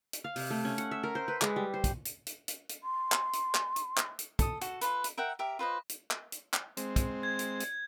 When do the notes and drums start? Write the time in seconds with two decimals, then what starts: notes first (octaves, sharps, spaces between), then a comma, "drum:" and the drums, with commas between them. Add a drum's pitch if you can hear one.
0.13 drum: hi-hat
0.24 F5
0.36 C3, drum: open hi-hat
0.50 A3
0.65 C#4
0.78 F#5, drum: hi-hat
0.91 E5
1.03 A#4
1.15 C5
1.28 B4
1.42 G#3, drum: clap
1.56 G3
1.74 C5
1.84 drum: kick, hi-hat
2.05 drum: hi-hat
2.27 drum: hi-hat
2.48 drum: hi-hat
2.69 drum: hi-hat
2.84 C6
3.12 drum: clap
3.33 drum: hi-hat
3.55 drum: clap
3.76 drum: hi-hat
3.97 drum: clap
4.19 drum: hi-hat
4.39 A4 D#6, drum: kick, hi-hat
4.61 F#4 A4, drum: hi-hat
4.81 F4 A4 B4, drum: hi-hat
5.04 drum: hi-hat
5.17 A#4 E5 F#5 G5
5.39 G4 A#4 E5
5.59 F4 B4 C5 D#5
5.89 drum: hi-hat
6.11 drum: clap
6.32 drum: hi-hat
6.53 drum: clap
6.77 G#3 C4, drum: hi-hat
6.96 drum: kick, hi-hat
7.23 G#6
7.39 drum: hi-hat
7.60 drum: hi-hat